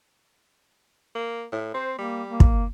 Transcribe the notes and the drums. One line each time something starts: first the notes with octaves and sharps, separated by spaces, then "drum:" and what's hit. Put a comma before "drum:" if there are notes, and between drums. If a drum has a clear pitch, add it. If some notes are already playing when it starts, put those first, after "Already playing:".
A#3
A2
C4 C5
G3 A#3
A#3
drum: kick